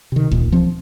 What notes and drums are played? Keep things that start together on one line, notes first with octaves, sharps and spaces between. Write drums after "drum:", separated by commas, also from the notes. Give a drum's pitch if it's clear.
C3 D#3
A#2, drum: kick
F3 C4